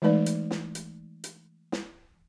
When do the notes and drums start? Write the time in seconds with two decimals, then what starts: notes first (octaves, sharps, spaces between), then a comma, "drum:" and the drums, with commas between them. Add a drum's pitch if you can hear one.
0.02 E3 G#3 A3 D#4 B4 D5
0.26 drum: hi-hat
0.51 drum: snare
0.75 drum: hi-hat
1.24 drum: hi-hat
1.72 drum: snare